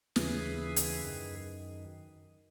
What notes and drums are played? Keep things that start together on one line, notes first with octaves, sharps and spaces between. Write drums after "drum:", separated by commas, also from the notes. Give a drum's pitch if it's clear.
D#2 C#3 E3 G#4 B4, drum: snare
drum: hi-hat
F#2 D#3